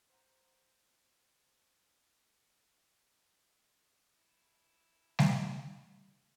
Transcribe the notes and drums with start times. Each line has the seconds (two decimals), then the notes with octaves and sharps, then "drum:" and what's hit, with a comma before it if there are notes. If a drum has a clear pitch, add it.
0.10 C5 F#5 A#5
4.14 E4 A5
5.19 drum: snare G3